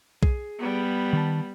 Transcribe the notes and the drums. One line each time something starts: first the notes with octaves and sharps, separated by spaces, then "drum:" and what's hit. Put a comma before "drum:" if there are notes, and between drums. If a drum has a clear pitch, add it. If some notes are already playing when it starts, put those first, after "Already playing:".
G#4, drum: kick B1
G3 B3
D#3 A5